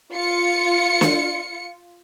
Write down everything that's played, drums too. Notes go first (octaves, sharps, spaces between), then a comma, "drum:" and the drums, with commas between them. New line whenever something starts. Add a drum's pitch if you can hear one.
F4 C#7
drum: snare